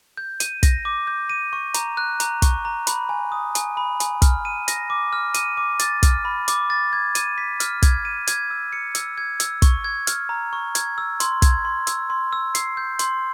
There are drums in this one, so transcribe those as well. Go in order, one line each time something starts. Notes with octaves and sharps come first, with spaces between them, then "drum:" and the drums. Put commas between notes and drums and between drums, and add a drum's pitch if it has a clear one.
G6
D#7, drum: hi-hat
A#6, drum: kick, hi-hat
D6
G6
D#7
C#6
A#5, drum: hi-hat
F#6
A#5, drum: hi-hat
C#6, drum: kick, hi-hat
A#5
B5, drum: hi-hat
G#5
D#6
G#5, drum: hi-hat
B5
G#5, drum: hi-hat
F6, drum: kick, hi-hat
D#7
A#6, drum: hi-hat
D6
F6
D#7, drum: hi-hat
D6
A6, drum: hi-hat
F6, drum: kick, hi-hat
B5
D6, drum: hi-hat
A6
G#6
D#7, drum: hi-hat
B6
F6, drum: hi-hat
G#6, drum: kick, hi-hat
D#7
G#6, drum: hi-hat
E6
C#7
E6, drum: hi-hat
G#6
E6, drum: hi-hat
C#6, drum: kick, hi-hat
G#6
F6, drum: hi-hat
A#5
C#6
G#6, drum: hi-hat
E6
C6, drum: hi-hat
G#6, drum: kick, hi-hat
C6
E6, drum: hi-hat
C6
E6
C7, drum: hi-hat
G6
C6, drum: hi-hat